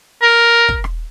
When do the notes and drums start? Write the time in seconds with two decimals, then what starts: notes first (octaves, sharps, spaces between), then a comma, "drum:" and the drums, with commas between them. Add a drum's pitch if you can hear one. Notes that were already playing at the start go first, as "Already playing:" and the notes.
0.22 A#4
0.68 drum: kick
0.84 drum: rim click